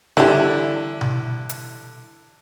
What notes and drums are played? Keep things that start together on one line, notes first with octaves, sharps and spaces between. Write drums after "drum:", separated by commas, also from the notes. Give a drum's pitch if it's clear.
D3 E3 G3 E4
drum: tom B2
drum: hi-hat